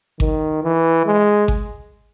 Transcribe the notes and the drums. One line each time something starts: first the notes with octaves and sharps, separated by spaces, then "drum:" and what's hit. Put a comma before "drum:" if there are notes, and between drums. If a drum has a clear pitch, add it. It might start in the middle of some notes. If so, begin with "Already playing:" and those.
D#3, drum: kick G#1
E3
G#3
drum: kick G#1